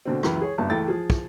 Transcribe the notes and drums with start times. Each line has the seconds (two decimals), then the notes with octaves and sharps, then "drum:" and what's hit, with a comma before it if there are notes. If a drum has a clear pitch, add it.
0.06 B2 D3 C4
0.23 C#2 F#2 E3 B4, drum: rim click
0.41 G#4 C#5
0.58 F#1 G2 B3 F#4 A5
0.70 C#2 E3 A3 G5 A6
0.88 F3 G#4
1.10 drum: kick